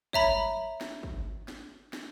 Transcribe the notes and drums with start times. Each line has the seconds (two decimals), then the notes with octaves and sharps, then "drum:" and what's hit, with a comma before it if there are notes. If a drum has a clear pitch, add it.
0.13 C#5 E5 A#5 B5, drum: kick
0.36 drum: tom F#3
0.81 drum: snare
1.03 drum: kick
1.48 drum: snare
1.93 drum: snare